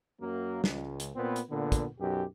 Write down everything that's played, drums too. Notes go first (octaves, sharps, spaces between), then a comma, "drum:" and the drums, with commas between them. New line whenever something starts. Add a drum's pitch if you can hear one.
F#2 F#3 A#3
C#2, drum: snare
drum: hi-hat
A#2 B3 C4 B4
drum: hi-hat
A#2 D3 B3
drum: kick, hi-hat
B1 F#2 G4